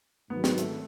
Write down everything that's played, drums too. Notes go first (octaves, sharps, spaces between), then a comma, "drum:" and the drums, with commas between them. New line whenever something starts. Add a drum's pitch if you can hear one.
G#2 D#3 F#3 B3
B3, drum: snare
A3, drum: hi-hat